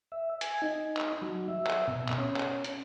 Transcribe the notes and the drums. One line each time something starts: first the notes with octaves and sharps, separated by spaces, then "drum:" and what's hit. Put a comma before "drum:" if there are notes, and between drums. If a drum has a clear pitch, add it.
E5
G#5, drum: hi-hat
D#4
drum: clap
F#3
E5
drum: clap
B2
drum: clap
C#4
drum: clap
drum: hi-hat